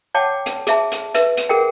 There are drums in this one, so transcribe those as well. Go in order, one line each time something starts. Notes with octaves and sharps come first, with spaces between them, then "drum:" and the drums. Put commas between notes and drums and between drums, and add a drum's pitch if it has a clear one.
C#5 F#5 G5 A5 D6
drum: hi-hat
G#4 E5 A5, drum: hi-hat
drum: hi-hat
B4 E5, drum: hi-hat
drum: hi-hat
G#4 A#4 F#5 G5